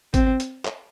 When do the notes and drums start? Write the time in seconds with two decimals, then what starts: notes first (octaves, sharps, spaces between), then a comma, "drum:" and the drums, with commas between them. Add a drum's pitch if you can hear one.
0.14 C4, drum: kick G#1, hi-hat
0.40 drum: hi-hat
0.65 drum: clap